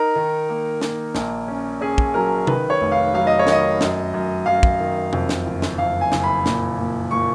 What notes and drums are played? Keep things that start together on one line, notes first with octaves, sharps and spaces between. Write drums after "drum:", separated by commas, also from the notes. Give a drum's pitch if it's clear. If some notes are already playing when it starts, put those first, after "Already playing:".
Already playing: D#4 A#4
D#3
A#3
A#3, drum: snare
A#1, drum: snare
C#4
C#4 G#4
drum: kick
F#3 A#4
D#3 B4, drum: tom C3
C#5
F1
F5
F#3 F5
D#5
C#5
D#3, drum: snare
D#5
F#2, drum: snare
F#2
F#2 F5
drum: kick
D#3
F2, drum: tom C3
drum: snare
F#1
drum: snare
F2 F5
G#5
F#1, drum: snare
B5
A#2, drum: snare
A#2
A#2 C#6